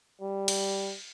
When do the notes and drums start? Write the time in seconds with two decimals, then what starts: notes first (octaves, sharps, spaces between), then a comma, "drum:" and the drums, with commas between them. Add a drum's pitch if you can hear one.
0.21 G3
0.48 drum: cymbal